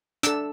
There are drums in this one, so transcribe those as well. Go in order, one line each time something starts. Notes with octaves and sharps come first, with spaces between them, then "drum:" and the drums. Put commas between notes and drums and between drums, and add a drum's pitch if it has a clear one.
D4 A4 E6, drum: hi-hat